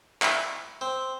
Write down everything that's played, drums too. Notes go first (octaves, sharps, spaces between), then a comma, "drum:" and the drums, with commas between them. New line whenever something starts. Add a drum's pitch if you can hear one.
E4 D5, drum: clap
C4